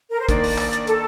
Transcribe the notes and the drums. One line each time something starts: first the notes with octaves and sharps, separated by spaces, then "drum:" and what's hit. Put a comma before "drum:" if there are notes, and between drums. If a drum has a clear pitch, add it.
A#4
C5
D#3 A#3 D4 D5, drum: kick, hi-hat
drum: open hi-hat
drum: clap
drum: hi-hat
A4, drum: hi-hat